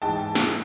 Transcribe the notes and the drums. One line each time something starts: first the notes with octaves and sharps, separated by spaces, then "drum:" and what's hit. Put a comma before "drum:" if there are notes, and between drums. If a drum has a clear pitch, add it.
G#2 E3 G#3 G5 A5
drum: snare